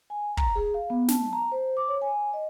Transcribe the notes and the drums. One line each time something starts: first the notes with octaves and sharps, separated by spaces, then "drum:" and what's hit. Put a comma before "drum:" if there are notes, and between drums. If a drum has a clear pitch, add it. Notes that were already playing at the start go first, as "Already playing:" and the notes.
G#5
A#5, drum: kick
G#4
F5
B3
A5, drum: snare
A#5
C5
D6
C#5
G#5
D#5